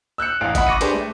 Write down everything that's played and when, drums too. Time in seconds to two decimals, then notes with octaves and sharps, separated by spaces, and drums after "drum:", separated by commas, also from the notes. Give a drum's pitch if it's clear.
0.18 E6 F#6 G6 C#7
0.41 A1 E2 F5 D7
0.55 D#5 E5 F#5 B5, drum: kick G#1, hi-hat
0.67 C#6 D6 A#6 C#7 D#7
0.81 D4 G4 G#4 B4 C5 D5, drum: hi-hat
0.93 A3